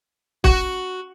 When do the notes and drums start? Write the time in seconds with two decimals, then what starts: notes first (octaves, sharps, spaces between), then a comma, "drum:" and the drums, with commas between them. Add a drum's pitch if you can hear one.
0.44 F#4, drum: kick